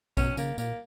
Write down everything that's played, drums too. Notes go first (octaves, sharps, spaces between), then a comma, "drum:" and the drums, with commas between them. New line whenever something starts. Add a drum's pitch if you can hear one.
B2 C#4, drum: kick A#1, tambourine
C#3 A#3, drum: tambourine
A#2 A#3, drum: tambourine